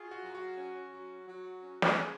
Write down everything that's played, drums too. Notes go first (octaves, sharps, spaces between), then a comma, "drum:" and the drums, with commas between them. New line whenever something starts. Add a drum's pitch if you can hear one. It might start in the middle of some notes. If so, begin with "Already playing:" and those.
Already playing: F4 F#4 G#4
F#4
F#3
F#4
C#4
F#3
F#3
C#4
drum: snare
C#4 G#4